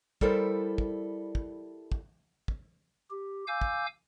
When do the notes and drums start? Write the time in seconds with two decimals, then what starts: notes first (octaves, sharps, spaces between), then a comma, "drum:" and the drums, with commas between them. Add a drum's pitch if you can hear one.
0.21 G3 E4 A4 A#4 C5, drum: kick
0.78 drum: kick
1.35 drum: kick
1.92 drum: kick
2.48 drum: kick
3.10 G4
3.47 F5 G#5 D6 E6 G6
3.61 drum: kick